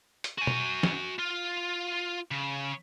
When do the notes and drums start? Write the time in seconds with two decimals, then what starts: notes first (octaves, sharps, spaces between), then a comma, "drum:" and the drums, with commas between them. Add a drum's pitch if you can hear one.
0.24 drum: hi-hat
0.38 F#4 G#5
0.47 drum: tom
0.83 drum: snare
1.19 F4
2.31 C#3